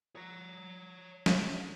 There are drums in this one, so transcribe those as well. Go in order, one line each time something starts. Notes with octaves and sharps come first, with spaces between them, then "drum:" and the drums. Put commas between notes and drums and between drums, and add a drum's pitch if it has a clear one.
C#5 A#5
drum: snare